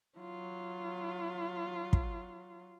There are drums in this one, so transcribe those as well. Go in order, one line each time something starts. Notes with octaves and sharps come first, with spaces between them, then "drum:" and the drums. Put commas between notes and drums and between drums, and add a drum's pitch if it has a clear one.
F#3 F4
drum: kick